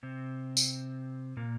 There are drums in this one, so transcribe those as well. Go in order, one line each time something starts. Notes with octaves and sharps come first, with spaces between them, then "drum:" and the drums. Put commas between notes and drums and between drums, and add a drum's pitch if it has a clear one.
C3 C4
drum: tambourine
A#2 A#3